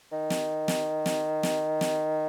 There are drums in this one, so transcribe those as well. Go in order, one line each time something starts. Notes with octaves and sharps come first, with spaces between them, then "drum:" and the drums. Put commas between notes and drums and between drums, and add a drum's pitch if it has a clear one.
D#3
drum: snare
drum: snare
drum: snare
drum: snare
drum: snare